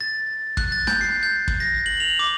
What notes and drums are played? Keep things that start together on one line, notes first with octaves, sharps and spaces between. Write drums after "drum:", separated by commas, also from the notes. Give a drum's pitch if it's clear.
A6
F#6, drum: kick
A6
G6, drum: snare
C7
G6
drum: kick
A#6
F#7
F7
D6